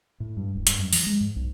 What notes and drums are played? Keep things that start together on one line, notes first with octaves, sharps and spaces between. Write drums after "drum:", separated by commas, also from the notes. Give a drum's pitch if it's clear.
A2
G2
D1
G2, drum: hi-hat
F#2
F3, drum: open hi-hat
G#3
G#2
B1